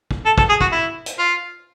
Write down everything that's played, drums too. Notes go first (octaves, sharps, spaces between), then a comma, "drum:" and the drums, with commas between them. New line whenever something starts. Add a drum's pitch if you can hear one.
drum: kick
A4
A4, drum: kick
G#4
F#4, drum: kick
E4
drum: hi-hat
F4